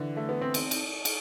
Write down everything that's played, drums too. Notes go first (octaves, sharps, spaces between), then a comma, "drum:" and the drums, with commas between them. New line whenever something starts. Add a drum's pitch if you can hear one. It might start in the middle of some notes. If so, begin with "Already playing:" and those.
Already playing: D3 E3
A3
B3
C4
drum: cymbal
drum: cymbal
drum: cymbal